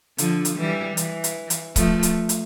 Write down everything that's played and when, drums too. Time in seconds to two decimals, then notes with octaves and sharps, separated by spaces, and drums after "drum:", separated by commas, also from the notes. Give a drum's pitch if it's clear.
0.18 D3 F3, drum: hi-hat
0.45 drum: hi-hat
0.58 E3 G3
0.97 E3, drum: hi-hat
1.24 drum: hi-hat
1.50 drum: hi-hat
1.76 F3 A3, drum: kick C#1, hi-hat
2.03 drum: hi-hat
2.29 drum: hi-hat